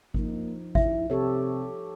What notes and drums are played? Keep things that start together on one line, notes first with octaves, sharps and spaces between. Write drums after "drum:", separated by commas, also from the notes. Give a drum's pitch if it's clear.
F3 A#3 D#4, drum: kick G#1
E4 E5, drum: kick G#1
C3 G4 A4 C#5